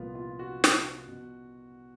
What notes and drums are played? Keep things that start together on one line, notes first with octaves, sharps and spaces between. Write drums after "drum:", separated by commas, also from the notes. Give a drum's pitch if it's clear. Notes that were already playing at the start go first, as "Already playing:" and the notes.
Already playing: C2 A#2 F3 B3 F4
F4
F#4
drum: snare
B2